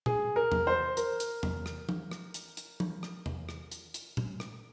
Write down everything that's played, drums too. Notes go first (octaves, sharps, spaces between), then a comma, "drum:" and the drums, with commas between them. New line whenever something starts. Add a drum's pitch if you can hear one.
G#4, drum: tom A#2
A#4
drum: tom E2
C5
A#4, drum: hi-hat
drum: hi-hat
drum: tom E2
drum: rim click
drum: tom F3
drum: rim click
drum: hi-hat
drum: hi-hat
drum: tom F3
drum: rim click
drum: tom E2
drum: rim click
drum: hi-hat
drum: hi-hat
drum: tom A#2
drum: rim click